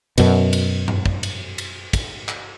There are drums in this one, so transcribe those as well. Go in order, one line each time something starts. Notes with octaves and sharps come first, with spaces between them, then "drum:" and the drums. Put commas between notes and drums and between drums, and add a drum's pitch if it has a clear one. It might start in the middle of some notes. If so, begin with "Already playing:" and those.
F#2 B2, drum: cymbal
drum: cymbal
drum: tom G2
drum: kick
drum: cymbal
drum: cymbal
drum: kick, cymbal
drum: clap